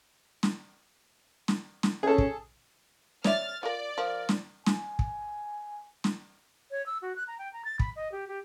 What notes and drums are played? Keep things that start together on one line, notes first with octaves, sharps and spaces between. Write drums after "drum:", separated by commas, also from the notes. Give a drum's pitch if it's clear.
drum: snare
drum: snare
drum: snare
C#4 G#4 A4
drum: kick
C#5 D5 E5 F6 A6, drum: snare
F4 A#4 D5
F3 A#4
drum: snare
G#5, drum: snare
drum: kick
drum: snare
C#5
E6
F#4
F#6
A#5
G5
A#5
A6
B5, drum: kick
D#5
G4
G4